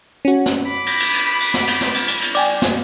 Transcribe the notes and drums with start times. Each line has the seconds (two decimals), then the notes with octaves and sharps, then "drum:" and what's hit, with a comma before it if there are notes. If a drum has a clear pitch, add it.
0.25 C#4 F#4
0.46 drum: snare
0.67 B5 D6
0.86 drum: cymbal
1.00 drum: cymbal
1.13 drum: cymbal
1.40 drum: cymbal
1.54 drum: snare
1.67 drum: cymbal
1.81 drum: snare
1.94 drum: cymbal
2.08 drum: cymbal
2.21 drum: cymbal
2.35 D5 G5 G#5, drum: cymbal
2.62 drum: snare